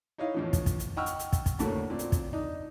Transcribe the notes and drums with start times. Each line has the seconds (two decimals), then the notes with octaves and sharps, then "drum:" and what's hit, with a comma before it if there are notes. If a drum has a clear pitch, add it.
0.18 D#4 E4 C#5 D#5 F5
0.34 E2 A2 F3
0.53 drum: kick, hi-hat
0.66 drum: kick, hi-hat
0.79 drum: hi-hat
0.96 D#5 F#5 G5 C#6 E6 F6
1.06 drum: hi-hat
1.19 drum: hi-hat
1.33 drum: kick, hi-hat
1.46 drum: kick, hi-hat
1.59 D2 A2 A3 A#3 F#4 A5, drum: hi-hat
1.90 A#2 C4 D5
1.99 drum: hi-hat
2.12 drum: kick, hi-hat
2.33 D4 D#4